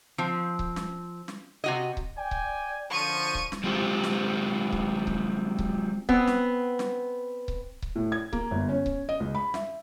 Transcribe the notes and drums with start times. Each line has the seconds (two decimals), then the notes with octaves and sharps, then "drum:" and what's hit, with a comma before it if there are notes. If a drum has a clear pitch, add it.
0.18 F3 C4
0.59 drum: kick C#1
0.76 drum: snare
1.28 drum: snare
1.64 C3 F#4 D#5
1.97 drum: kick C#1
2.17 D5 G5 G#5
2.31 drum: kick C#1
2.90 D3 F3 C#6 D#7
3.35 drum: kick C#1
3.52 drum: snare
3.64 F#3 G#3 C4 F4 G4
4.04 drum: snare
4.72 drum: kick C#1
5.07 drum: kick C#1
5.59 drum: kick C#1
6.09 B3 C4, drum: kick C#1
6.27 drum: snare
6.79 drum: snare
7.48 drum: kick C#1
7.82 drum: kick C#1
7.95 A2
8.12 G#6
8.33 A#3, drum: kick C#1
8.51 G1
8.69 C#4
8.86 drum: kick C#1
9.09 D#5
9.20 C#2
9.35 B5
9.54 E5, drum: snare